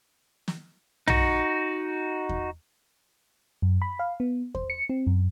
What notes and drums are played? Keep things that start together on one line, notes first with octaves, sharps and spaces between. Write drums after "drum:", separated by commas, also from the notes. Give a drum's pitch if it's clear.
drum: snare
D#4 F#4, drum: tom
drum: kick E2
F#2
B5
F5
B3
C5, drum: kick E2
C#7
C4
F#2